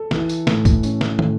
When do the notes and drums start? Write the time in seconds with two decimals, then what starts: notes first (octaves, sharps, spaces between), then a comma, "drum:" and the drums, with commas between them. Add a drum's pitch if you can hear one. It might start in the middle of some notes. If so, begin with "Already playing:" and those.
Already playing: A4
0.11 E3, drum: snare
0.29 drum: tambourine
0.47 A2, drum: snare
0.65 drum: kick, tambourine
0.83 C#4, drum: tambourine
1.01 drum: snare
1.19 A2, drum: tom